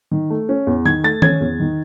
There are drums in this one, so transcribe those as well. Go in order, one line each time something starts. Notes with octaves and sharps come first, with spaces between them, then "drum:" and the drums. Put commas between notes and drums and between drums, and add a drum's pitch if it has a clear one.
D#3
A3
C#4
E2
D#3 G#6
A3 A6
C#4 G#6, drum: tom D#3
E2
D#3